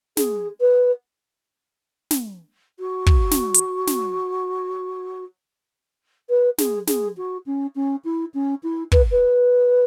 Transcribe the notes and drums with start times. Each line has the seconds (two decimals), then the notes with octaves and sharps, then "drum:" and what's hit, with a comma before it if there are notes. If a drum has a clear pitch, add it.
0.17 G#4, drum: snare
0.60 B4
2.11 drum: snare
2.79 F#4
3.06 drum: kick
3.31 drum: snare
3.54 drum: hi-hat
3.87 drum: snare
6.29 B4
6.58 G#4, drum: snare
6.87 G#4, drum: snare
7.17 F#4
7.46 C#4
7.75 C#4
8.04 E4
8.34 C#4
8.63 E4
8.92 B4, drum: kick
9.11 B4